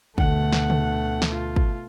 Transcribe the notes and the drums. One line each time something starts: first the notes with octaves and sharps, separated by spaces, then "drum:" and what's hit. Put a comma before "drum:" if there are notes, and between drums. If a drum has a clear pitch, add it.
D2 B2 D3 A3 F#5, drum: kick
drum: snare
drum: tom
drum: snare
F4
drum: kick